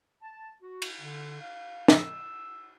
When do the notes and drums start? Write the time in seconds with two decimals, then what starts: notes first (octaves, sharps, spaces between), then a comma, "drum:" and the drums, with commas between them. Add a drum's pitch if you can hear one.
0.22 A5
0.62 F#4
0.82 drum: cymbal
1.00 D3
1.40 F5
1.88 E6, drum: snare